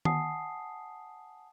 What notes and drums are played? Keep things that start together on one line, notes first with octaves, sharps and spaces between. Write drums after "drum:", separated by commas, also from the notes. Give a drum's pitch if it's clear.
F#5 G#5 A5 D#6 C7, drum: tom D#3